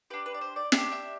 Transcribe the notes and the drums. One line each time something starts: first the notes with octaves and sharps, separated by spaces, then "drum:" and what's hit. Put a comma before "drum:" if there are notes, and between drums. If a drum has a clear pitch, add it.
D4 G4 B4
B4
D5
C5
D5
D4 G4 E5, drum: snare
E5